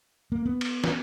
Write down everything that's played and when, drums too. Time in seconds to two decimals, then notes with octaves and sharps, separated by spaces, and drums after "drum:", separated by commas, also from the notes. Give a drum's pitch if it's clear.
0.32 A#3
0.46 B3
0.61 drum: cymbal
0.84 drum: snare